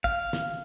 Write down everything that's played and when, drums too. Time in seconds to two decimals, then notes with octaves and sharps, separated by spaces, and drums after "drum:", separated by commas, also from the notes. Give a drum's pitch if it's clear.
0.04 F5, drum: kick
0.33 drum: snare